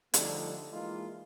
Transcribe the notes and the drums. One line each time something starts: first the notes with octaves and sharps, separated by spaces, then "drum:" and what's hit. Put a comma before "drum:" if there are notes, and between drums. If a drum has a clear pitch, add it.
D3 F3 G3 A3 D#4, drum: hi-hat
E3 G#3 A#3 D#4 F4